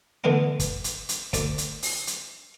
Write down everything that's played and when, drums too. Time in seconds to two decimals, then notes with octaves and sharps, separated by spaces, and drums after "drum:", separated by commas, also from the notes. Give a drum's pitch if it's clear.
0.24 D3 E3 A3 B3 D4
0.60 drum: kick, hi-hat
0.84 drum: hi-hat
1.09 drum: hi-hat
1.33 D2 D5, drum: kick, hi-hat
1.58 drum: hi-hat
1.83 drum: open hi-hat
2.07 drum: hi-hat